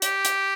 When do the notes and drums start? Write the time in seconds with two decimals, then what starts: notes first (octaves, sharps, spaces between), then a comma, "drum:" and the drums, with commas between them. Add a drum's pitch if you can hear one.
0.02 G4, drum: hi-hat
0.25 drum: hi-hat